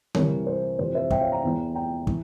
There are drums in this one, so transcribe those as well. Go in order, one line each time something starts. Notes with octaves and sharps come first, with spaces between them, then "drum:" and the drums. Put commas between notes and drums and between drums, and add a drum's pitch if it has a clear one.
C2 C3 E3 A#4 C#5, drum: tom D3
C5
F2 C3 E3 C5
C5 E5
E5 G5, drum: kick
C#5 F5
G5 A#5
E2 E3
G5 A#5
E3, drum: kick